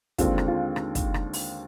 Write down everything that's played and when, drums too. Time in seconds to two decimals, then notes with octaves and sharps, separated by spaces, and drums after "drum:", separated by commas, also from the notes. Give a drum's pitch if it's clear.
0.18 D#2 D3 G#3 C4 F4, drum: kick, hi-hat
0.38 drum: rim click
0.48 F4
0.76 drum: rim click
0.95 drum: kick, hi-hat
1.14 drum: rim click
1.33 drum: open hi-hat